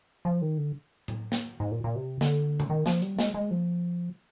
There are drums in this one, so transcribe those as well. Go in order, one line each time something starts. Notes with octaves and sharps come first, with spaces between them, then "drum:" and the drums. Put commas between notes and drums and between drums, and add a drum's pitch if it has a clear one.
F3
D#3
D3
drum: tom A2
drum: snare
G#2
A#2
A#2
C3
D3, drum: snare
drum: tom B2
D#3
F3, drum: snare
G3, drum: hi-hat
G#3, drum: snare
G#3
F3